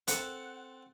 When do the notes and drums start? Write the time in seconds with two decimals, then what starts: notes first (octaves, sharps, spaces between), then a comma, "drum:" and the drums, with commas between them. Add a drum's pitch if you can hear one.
0.08 C4 A4 F#5, drum: hi-hat